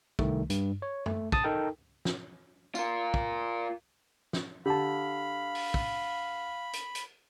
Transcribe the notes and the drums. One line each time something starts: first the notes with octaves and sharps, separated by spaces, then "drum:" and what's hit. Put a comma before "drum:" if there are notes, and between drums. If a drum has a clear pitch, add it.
C2 D#3 A3, drum: kick
G2, drum: hi-hat
C#5
A3, drum: tom F#2
A5 D#6 A6, drum: kick
D#4 A4 A#4 G5
drum: snare
F4 A#4, drum: tambourine
drum: kick
drum: snare
D3 G4 F5 A5 B5
drum: open hi-hat
drum: kick
drum: hi-hat
drum: hi-hat